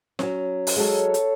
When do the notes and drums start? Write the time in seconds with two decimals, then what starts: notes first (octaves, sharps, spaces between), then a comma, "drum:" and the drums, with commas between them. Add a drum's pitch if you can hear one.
0.19 F#3 C#4, drum: snare
0.67 drum: open hi-hat
0.76 F#3 G#3 A4 C#5 F5
1.14 drum: hi-hat